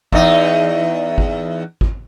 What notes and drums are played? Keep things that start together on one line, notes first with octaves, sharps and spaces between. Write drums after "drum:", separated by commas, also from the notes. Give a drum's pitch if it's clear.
E2 D#4, drum: kick
drum: kick
drum: kick